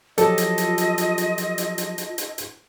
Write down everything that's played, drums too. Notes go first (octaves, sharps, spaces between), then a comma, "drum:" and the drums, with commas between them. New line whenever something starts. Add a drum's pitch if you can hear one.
F3 F#3 F4 G4 A4 D#5, drum: hi-hat
drum: hi-hat
drum: hi-hat
drum: hi-hat
drum: hi-hat
drum: hi-hat
drum: hi-hat
drum: hi-hat
drum: hi-hat
drum: hi-hat
drum: hi-hat
drum: hi-hat